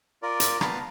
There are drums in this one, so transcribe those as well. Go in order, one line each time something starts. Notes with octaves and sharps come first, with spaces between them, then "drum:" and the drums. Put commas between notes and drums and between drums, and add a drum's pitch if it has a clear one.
F4 A#4 D5
drum: hi-hat
B3 B4 F5 A5 A#5, drum: rim click